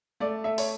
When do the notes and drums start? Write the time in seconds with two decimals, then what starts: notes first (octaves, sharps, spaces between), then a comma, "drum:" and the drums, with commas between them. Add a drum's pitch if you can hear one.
0.20 A3 D5
0.44 A3 E5
0.58 C#5, drum: open hi-hat